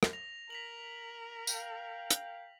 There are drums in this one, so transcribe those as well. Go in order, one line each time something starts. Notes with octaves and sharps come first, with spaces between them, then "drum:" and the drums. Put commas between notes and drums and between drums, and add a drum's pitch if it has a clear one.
drum: rim click
A#6 F7
A#4 B6 F7 F#7
F5 G5, drum: tambourine
drum: hi-hat